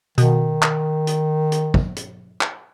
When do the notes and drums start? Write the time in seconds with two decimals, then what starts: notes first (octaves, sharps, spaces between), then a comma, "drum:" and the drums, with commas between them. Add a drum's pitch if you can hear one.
0.18 B2 D#3, drum: hi-hat
0.62 drum: clap
1.07 drum: hi-hat
1.52 drum: hi-hat
1.74 drum: kick
1.96 drum: hi-hat
2.41 drum: clap